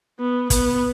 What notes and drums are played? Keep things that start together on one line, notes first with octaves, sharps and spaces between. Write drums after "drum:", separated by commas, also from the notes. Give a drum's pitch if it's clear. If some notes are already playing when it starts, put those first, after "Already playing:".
B3
B3, drum: kick, hi-hat